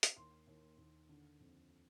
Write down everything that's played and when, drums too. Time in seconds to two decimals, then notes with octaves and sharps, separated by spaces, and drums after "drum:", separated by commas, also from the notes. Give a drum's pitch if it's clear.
0.03 drum: hi-hat
0.17 D#2 C6
0.47 D#2
0.78 D#2
1.09 D3
1.40 F2